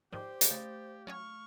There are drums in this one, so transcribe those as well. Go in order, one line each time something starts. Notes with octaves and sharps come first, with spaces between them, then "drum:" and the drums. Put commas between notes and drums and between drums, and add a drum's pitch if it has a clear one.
G#2 D#3 F3 G4 C5 D5 G5 D6
drum: hi-hat
C#3 A3 F5 A6
F#3 C#4 C#5 C#6 F6